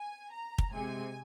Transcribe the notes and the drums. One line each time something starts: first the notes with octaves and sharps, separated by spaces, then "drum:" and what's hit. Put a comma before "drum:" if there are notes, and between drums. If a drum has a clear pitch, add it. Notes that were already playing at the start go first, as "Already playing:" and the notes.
Already playing: G#5
A#5
drum: kick
C3 G#3 C4 G#5